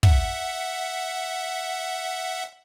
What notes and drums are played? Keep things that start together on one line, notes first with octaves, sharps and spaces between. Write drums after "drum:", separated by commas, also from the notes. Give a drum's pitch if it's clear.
E5 F#5, drum: kick